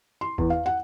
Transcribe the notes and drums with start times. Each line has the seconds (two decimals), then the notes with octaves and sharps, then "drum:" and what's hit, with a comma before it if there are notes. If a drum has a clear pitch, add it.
0.21 C6
0.38 E2, drum: kick F#1
0.50 F5
0.66 F#5